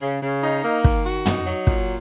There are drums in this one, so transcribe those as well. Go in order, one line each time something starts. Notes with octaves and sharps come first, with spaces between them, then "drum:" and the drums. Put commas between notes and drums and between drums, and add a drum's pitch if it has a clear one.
C#3
C#3
D#4
A#3
D#3, drum: kick
F#4
D#4, drum: tom
F#3
A#2, drum: kick